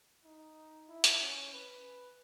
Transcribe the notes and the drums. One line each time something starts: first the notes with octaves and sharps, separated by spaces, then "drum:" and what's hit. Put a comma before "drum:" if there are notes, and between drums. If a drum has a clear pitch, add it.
D#4
E4
drum: hi-hat
C#4
B4